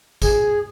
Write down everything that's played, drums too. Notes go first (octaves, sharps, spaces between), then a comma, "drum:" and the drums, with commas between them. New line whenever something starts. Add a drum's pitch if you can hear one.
G#4, drum: kick, tambourine